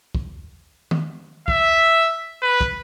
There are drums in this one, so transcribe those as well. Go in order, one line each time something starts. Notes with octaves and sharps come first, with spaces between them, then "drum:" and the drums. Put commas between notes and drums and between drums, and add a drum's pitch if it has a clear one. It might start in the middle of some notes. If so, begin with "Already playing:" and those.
drum: kick
drum: tom D#3
E5, drum: kick
B4
drum: kick